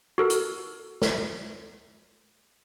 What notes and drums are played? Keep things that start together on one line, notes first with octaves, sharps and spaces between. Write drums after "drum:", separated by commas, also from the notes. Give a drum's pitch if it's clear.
F#4 A4 A#4
drum: hi-hat
drum: snare